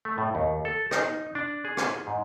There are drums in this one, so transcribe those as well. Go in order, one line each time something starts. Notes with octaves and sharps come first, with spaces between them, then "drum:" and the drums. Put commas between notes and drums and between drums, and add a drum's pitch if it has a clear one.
A3
A2
D#2
A4
D#4, drum: rim click
D4
G#4
drum: rim click
G#2